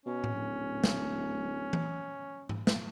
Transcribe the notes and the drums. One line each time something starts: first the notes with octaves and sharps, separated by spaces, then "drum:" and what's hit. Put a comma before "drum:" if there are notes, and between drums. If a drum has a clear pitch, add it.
B2 C#4
drum: tom A2
D1
drum: snare
drum: tom E3
drum: tom G#2
drum: snare